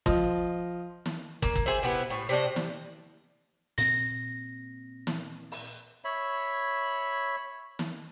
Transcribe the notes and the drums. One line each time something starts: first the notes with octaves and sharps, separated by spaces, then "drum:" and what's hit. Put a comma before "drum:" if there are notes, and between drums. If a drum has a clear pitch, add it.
F3 D#5, drum: kick
drum: snare
A#3, drum: kick
drum: kick
G#4 C5 E5
C3 B3 E4
A2
C3 D4 D#5
drum: snare
A#2 C4 A#6, drum: hi-hat
drum: snare
drum: open hi-hat
C#5 E5 B5
drum: snare